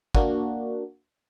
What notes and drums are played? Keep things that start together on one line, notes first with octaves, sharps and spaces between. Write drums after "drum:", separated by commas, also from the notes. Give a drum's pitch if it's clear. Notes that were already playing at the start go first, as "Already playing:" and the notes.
A#3 D4 F#4, drum: kick